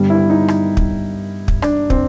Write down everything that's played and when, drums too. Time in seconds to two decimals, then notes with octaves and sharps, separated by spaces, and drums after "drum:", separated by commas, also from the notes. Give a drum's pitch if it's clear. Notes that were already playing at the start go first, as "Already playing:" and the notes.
Already playing: G2 D3 G3 B3
0.10 E4
0.30 D#4
0.48 drum: rim click
0.77 drum: kick
1.48 drum: kick
1.62 D4, drum: rim click
1.90 C4, drum: kick